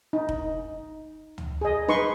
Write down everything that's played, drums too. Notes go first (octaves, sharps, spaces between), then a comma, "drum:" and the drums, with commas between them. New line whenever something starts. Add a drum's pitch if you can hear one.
D#4
drum: kick F1
drum: tom
G#4 D#5
D#4 B4 C6 C#6, drum: snare